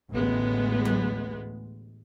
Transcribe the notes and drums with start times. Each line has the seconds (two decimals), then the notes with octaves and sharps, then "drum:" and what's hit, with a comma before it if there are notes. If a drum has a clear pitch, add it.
0.11 A1 D2 A2 G#3 B3
0.85 drum: tom F#3